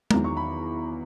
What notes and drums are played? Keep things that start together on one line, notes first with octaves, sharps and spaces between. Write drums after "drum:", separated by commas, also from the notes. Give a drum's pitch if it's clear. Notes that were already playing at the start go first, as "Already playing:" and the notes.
E2 D#3 F#3 A#5, drum: tom G#3
C#6
B5